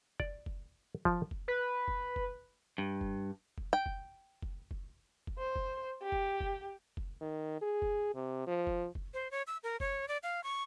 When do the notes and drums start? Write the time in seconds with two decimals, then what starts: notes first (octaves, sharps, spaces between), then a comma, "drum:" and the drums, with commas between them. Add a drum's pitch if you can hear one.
0.20 D5, drum: kick F1
0.46 drum: kick F1
1.05 F3, drum: kick F1
1.31 drum: kick F1
1.48 B4
1.88 drum: kick F1
2.16 drum: kick F1
2.78 G2
3.01 drum: kick F1
3.58 drum: kick F1
3.73 G5
3.86 drum: kick F1
4.42 drum: kick F1
4.71 drum: kick F1
5.27 drum: kick F1
5.38 C5
5.56 drum: kick F1
6.03 G4
6.12 drum: kick F1
6.41 drum: kick F1
6.97 drum: kick F1
7.21 D#3
7.62 G#4
7.82 drum: kick F1
8.15 C3
8.47 F3
8.67 drum: kick F1
8.95 drum: kick F1
9.14 C5
9.31 C#5
9.47 E6
9.63 A#4
9.80 C#5, drum: kick F1
10.08 D5
10.23 F5
10.44 C#6